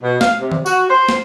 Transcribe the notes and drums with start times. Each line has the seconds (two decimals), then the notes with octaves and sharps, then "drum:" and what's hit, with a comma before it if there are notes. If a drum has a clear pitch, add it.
0.02 B2
0.21 F5, drum: snare
0.40 C3
0.52 drum: tom D#3
0.66 F#4, drum: tambourine
0.90 C5
1.09 drum: snare